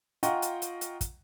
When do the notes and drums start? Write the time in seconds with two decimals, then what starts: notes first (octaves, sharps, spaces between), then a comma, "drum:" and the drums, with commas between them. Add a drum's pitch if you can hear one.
0.23 F4 D#5 F#5 G5 A#5 C#6, drum: hi-hat
0.42 drum: hi-hat
0.62 drum: hi-hat
0.81 drum: hi-hat
1.01 drum: kick, hi-hat